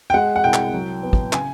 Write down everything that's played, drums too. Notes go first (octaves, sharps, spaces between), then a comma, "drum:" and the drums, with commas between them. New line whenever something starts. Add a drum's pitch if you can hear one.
G5
G#3 F#5
F#5
C2 G5
drum: clap
F#3
B3
drum: kick
C#3 G#5, drum: clap